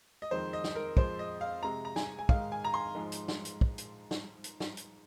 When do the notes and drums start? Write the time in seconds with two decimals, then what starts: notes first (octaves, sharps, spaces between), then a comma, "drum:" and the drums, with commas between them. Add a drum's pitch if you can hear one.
0.22 D#5
0.31 F2 D#3 G#3 C5
0.53 D#5
0.64 drum: snare
0.75 A#4
0.97 F2 F3 G#3 C5, drum: kick
1.19 D#5
1.41 F5
1.63 C3 G#3 A#5
1.85 A#5
1.96 G#5, drum: snare
2.19 G#5
2.29 G#2 D#3 G#3 F5, drum: kick
2.52 G#5
2.64 A#5
2.74 C6
2.95 G#2 F3 G#3
3.12 drum: hi-hat
3.28 drum: snare
3.45 drum: hi-hat
3.61 drum: kick
3.78 drum: hi-hat
4.11 drum: snare
4.44 drum: hi-hat
4.60 drum: snare
4.77 drum: hi-hat